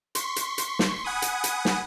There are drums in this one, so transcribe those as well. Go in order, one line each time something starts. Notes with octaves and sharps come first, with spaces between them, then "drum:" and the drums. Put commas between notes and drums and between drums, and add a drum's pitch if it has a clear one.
C6 C#6 B6, drum: hi-hat
drum: hi-hat
drum: hi-hat
drum: snare
F#5 G#5 B5 D#6
drum: hi-hat
drum: hi-hat
drum: snare